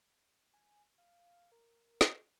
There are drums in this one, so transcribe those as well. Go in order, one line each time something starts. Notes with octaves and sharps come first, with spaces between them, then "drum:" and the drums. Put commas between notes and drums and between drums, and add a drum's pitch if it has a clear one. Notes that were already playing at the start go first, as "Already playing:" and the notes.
G#5
F5
A#4
drum: snare